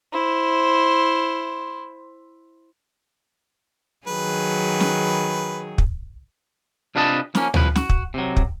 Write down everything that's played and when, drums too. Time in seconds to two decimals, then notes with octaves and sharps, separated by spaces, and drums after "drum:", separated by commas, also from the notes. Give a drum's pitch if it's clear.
0.13 E4 C5
4.07 D#3 F#3 G#4 B4
4.80 drum: snare
5.78 drum: kick
6.95 C3 D4 F4 B4 D#5 A5
7.35 F3 A#3 C#4, drum: snare
7.54 C2 F3 B4, drum: tom D2
7.76 F#4, drum: snare
7.89 drum: kick
8.14 C3 F#3
8.36 drum: kick